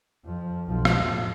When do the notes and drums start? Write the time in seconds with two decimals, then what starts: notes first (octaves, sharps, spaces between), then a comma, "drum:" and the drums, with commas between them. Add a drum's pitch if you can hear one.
0.25 F2 F3
0.66 B1 F3
0.85 drum: rim click
1.00 F2 A2